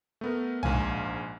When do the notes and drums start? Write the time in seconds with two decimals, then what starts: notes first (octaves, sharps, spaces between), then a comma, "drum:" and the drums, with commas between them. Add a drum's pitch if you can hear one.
0.21 A3 B3 A#4
0.63 A#1 G#2 F5 G#5, drum: tom